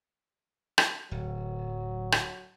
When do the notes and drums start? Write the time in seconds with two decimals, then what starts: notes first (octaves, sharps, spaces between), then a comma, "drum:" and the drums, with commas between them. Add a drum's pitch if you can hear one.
0.78 drum: rim click
1.11 D1 F#3
2.12 drum: rim click